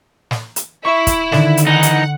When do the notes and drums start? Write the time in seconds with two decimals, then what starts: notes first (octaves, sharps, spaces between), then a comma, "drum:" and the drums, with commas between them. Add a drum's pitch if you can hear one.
0.31 drum: snare
0.56 drum: hi-hat
0.85 E4 C#6
1.07 drum: kick, hi-hat
1.32 D3 D#3, drum: snare
1.57 drum: hi-hat
1.67 E3 D#4 F#5
1.83 drum: hi-hat